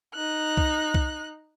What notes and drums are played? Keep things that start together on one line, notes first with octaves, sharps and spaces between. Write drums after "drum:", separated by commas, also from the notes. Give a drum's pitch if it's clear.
D#4 F#6
drum: kick C2
drum: kick C2